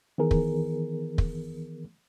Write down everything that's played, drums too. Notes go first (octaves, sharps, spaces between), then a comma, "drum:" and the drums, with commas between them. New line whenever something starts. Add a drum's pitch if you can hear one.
D#3 E3 B3 G#4 A#4
drum: kick
drum: kick